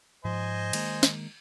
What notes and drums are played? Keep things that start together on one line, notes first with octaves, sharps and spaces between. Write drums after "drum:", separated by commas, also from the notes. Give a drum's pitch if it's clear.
G#2 F3 C5 D#5 G#5
D#3 G#3 A#3, drum: cymbal
drum: snare